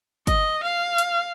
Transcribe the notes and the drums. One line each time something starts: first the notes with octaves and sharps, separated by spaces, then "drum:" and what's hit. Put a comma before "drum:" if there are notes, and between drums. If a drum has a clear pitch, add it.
D#5, drum: kick, hi-hat
F5
drum: hi-hat